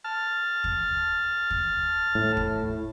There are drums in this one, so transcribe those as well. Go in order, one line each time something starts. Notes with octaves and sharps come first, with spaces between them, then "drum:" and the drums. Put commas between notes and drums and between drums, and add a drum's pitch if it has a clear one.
A5 F6
drum: kick
drum: kick
A2
drum: kick